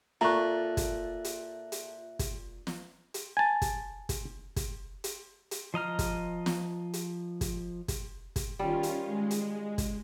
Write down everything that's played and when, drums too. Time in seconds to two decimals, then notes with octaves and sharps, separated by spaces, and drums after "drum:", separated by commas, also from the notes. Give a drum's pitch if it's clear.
0.21 A#2 F4 A4 E5 A#5 C#6 F#6
0.77 drum: kick, hi-hat
1.24 drum: hi-hat
1.72 drum: hi-hat
2.19 drum: kick, hi-hat
2.67 drum: snare
3.14 drum: hi-hat
3.37 G#5 A5
3.62 drum: kick, hi-hat
4.09 drum: kick, hi-hat
4.56 drum: kick, hi-hat
5.04 drum: hi-hat
5.51 drum: hi-hat
5.74 F3 D#5 A#5 F6
5.99 drum: kick, hi-hat
6.46 drum: snare
6.93 drum: hi-hat
7.41 drum: kick, hi-hat
7.88 drum: kick, hi-hat
8.36 drum: kick, hi-hat
8.59 D#3 G3 C#4 F4
8.83 drum: hi-hat
9.06 G#3
9.31 drum: hi-hat
9.78 drum: kick, hi-hat